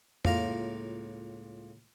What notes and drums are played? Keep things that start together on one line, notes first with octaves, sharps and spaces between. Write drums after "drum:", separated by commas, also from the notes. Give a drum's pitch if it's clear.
C#2 A2 A#3 F4 F5 A#5, drum: tom F2